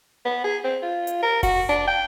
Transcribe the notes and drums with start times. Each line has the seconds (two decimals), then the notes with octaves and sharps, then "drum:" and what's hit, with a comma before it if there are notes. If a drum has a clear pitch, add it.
0.25 B3
0.44 G#4
0.64 C4
0.82 F4
1.07 drum: hi-hat
1.23 A#4
1.43 F#4, drum: kick F1, open hi-hat
1.69 D4
1.87 G5